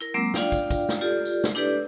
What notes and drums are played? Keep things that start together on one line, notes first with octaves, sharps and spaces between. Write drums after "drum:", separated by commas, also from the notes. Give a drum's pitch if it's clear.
E4 A#4
F#3 G#3 A#3 C4 D6 E6
D4 F4 D5 F5 G5, drum: snare
drum: kick, tambourine
drum: kick, tambourine
drum: snare
F4 G4 A4 D5
drum: tambourine
drum: snare
D4 E4 G4 A4 B4 D5